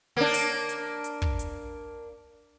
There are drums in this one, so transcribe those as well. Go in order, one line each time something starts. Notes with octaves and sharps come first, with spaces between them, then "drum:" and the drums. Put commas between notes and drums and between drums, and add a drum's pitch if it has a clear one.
A#3 D4
drum: open hi-hat
drum: hi-hat
drum: hi-hat
drum: kick
drum: hi-hat